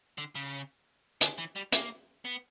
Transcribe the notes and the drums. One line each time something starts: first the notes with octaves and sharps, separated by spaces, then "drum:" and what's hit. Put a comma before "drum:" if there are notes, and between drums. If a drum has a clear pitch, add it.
D3
C#3
D3, drum: hi-hat
E3
G3
A#3, drum: hi-hat
B3